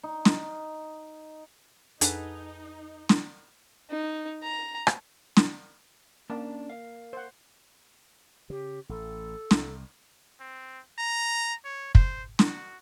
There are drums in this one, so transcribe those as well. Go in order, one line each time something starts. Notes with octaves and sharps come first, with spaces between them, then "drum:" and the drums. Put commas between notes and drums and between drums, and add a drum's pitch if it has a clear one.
D#4
drum: snare
F2 D4 D#4 G#4 A4 B4 F#5, drum: hi-hat
drum: snare
D#4
A#5
drum: rim click
drum: snare
A#3 C#4 D4 A5
A#4 F5
C5 F#5
C#3 G4
A1 A4
C2, drum: snare
C4
A#5
C#5
C5, drum: kick
F#4, drum: snare